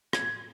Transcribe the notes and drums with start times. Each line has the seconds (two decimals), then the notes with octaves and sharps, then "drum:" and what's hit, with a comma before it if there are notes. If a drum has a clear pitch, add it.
0.13 G#6, drum: rim click